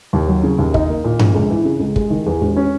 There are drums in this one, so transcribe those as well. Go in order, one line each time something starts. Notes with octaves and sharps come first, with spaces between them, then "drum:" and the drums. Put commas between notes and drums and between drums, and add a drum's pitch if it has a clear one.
D#2
F#3
C#3
D#2
D#4, drum: kick
A#3
A#2
A#1, drum: tom G2
C#2
E3
C#3
C#2
G#3, drum: kick
D#3
E2
E1
C#4